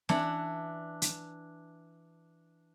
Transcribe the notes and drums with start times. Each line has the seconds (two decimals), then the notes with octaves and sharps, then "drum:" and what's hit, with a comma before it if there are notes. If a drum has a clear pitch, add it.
0.09 E3 D4 F#5, drum: snare
1.02 drum: hi-hat